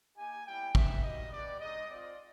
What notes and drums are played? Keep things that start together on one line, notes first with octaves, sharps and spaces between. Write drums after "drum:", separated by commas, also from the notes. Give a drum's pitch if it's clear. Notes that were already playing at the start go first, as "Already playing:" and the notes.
A#3 D#4 G4 G#5
G3 B3 E4 G5
B3 D#4 G4 E5, drum: kick
G3 A#3 D#4 F#4 D#5
B3 D4 G4 D5
G#3 C4 D#4 D#5
C4 F4 D5